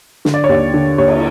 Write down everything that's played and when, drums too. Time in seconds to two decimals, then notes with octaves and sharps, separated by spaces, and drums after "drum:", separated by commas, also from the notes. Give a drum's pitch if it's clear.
0.25 D3, drum: snare
0.34 D5
0.44 C#5
0.49 D#2 D5
0.74 D3
0.98 D#2 C#5
1.08 drum: cymbal